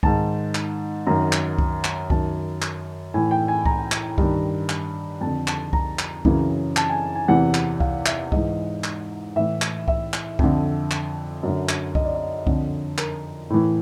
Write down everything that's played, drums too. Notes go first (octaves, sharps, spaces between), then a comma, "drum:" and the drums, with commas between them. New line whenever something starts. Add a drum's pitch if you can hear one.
G#2 D#3 A5, drum: kick C2
drum: clap
F#2 D#3 A#5
drum: clap
drum: kick C2
drum: clap
F#2 D#3 A5, drum: kick C2
drum: clap
A2 E3 G#5
G5
G#5
A#5, drum: kick C2
drum: clap
G2 D#3, drum: kick C2
drum: clap
F2 D3 A5
A5, drum: clap
A#5, drum: kick C2
drum: clap
F#2 C#3 E3, drum: kick C2
A5, drum: clap
G#5
G#5
E2 C3 E3 F#5
drum: clap
F5, drum: kick C2
E5, drum: clap
G#2 E3 D#5, drum: kick C2
drum: clap
A2 E3 E5
drum: clap
E5, drum: kick C2
drum: clap
F2 D3, drum: kick C2
drum: clap
F#2 D3
drum: clap
D#5, drum: kick C2
D5
D#5
F2 D3, drum: kick C2
A#4, drum: clap
A2 E3